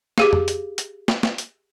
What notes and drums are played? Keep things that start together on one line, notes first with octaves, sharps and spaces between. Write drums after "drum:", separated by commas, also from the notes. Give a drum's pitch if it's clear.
G4 G#4 F5, drum: snare
drum: tom
drum: hi-hat
drum: hi-hat
drum: snare
drum: snare
drum: hi-hat